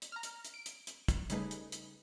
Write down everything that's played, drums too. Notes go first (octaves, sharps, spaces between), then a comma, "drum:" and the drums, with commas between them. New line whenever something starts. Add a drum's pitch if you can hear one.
drum: hi-hat
A#5 F6
drum: hi-hat
drum: hi-hat
D7
drum: hi-hat
drum: hi-hat
drum: kick, hi-hat
C#3 G3 A3 D#4 G#4 B4, drum: hi-hat
drum: hi-hat
drum: hi-hat